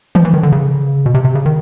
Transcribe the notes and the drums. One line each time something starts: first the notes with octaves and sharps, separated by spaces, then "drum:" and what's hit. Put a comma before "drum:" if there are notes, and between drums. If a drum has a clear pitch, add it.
F3, drum: tom D#3
E3
D#3
D3
C#3
B2
C3
C3
C#3
D#3